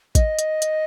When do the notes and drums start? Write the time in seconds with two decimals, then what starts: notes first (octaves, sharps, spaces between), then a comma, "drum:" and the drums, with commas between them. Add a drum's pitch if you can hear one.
0.15 D#5, drum: kick, hi-hat
0.39 drum: hi-hat
0.62 drum: hi-hat